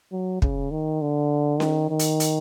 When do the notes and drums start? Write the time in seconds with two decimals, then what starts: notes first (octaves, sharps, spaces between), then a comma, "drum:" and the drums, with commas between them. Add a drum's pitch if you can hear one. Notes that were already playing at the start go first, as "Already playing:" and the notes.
0.12 F#3
0.42 C#3, drum: kick
0.71 D#3
1.02 D3
1.60 D#3, drum: snare C#4
1.90 D#3
1.99 drum: hi-hat
2.20 drum: hi-hat